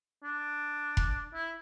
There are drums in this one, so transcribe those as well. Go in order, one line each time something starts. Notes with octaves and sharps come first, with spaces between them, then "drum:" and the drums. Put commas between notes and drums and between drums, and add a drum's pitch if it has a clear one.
D4
drum: kick F1
E4